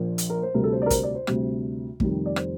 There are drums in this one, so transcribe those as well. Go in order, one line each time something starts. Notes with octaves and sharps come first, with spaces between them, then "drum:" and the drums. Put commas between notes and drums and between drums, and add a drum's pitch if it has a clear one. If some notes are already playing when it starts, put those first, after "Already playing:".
Already playing: A#1 A#2 F3
drum: hi-hat
A#4
C5
D2 C3 G3 A#4
A4
C5
D5
A#4
C5, drum: kick, hi-hat
D5
C5
D2 C3 G3, drum: rim click
F1 F2 D#3 G3, drum: kick
D5
C5, drum: rim click